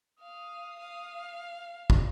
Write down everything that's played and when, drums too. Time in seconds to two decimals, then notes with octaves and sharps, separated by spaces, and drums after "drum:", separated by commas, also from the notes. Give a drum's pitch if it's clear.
0.20 F5 D#6
0.80 F5
1.90 drum: kick